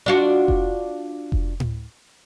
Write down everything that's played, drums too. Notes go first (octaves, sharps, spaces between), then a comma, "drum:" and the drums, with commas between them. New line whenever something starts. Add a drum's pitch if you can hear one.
D4 F4 F#4
drum: kick F1
drum: kick F1
drum: tom A2